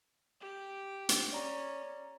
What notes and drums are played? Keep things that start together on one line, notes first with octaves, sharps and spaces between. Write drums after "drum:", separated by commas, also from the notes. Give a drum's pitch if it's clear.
G4
drum: hi-hat
C#4 D5 A#5